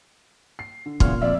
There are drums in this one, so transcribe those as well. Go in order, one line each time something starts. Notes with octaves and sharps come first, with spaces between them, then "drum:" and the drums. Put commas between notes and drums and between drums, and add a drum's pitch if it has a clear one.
C7
D3
E2 A#2 C#3 C6 F6, drum: kick
F2 D5 E5